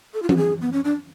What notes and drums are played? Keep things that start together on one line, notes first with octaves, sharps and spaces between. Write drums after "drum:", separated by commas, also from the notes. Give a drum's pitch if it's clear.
A4
F4
F#4, drum: tom E3
G#4
B3
C#4
D4